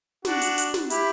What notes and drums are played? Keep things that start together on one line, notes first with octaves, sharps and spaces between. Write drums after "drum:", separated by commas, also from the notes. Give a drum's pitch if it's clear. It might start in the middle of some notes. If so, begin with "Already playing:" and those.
D4 F#4, drum: snare
drum: hi-hat
drum: hi-hat
drum: snare
E4 G4, drum: hi-hat